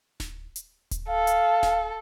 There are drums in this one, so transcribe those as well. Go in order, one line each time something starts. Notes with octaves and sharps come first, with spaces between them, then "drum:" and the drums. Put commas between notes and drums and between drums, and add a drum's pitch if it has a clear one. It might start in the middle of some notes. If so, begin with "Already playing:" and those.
drum: snare D1
drum: hi-hat
drum: kick D1, hi-hat
A4 F5
drum: hi-hat
drum: snare D1